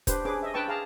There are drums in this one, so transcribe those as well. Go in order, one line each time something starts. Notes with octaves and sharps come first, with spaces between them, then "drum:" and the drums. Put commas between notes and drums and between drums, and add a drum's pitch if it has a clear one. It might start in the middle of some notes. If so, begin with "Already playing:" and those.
D4 G4 B4 C5, drum: kick, hi-hat
C#4 D4 G#4 B4 D6
D#5 E5
D4 B4 G5 A5 C#6
G#4 F5 A5 A#5